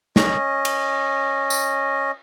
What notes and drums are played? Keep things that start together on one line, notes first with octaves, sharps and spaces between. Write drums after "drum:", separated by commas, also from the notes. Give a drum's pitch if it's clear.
C#4 D#5, drum: snare
drum: cymbal
drum: tambourine